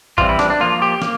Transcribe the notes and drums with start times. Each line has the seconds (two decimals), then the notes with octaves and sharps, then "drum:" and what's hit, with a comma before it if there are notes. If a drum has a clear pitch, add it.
0.18 E3 G3 C4 F4, drum: kick A1
0.29 E4
0.39 D4, drum: snare
0.50 D4
0.60 F3 A#3 F4
0.82 G4
1.02 A#3, drum: snare